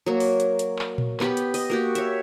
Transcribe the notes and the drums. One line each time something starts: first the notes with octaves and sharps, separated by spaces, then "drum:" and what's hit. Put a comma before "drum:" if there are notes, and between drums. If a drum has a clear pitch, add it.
F#3 A#3
drum: open hi-hat
drum: hi-hat
drum: hi-hat
drum: clap
drum: tom A#2
B3 G4 B5, drum: clap
drum: hi-hat
D#5, drum: open hi-hat
A#3 F#4 G4
C#5 E5, drum: hi-hat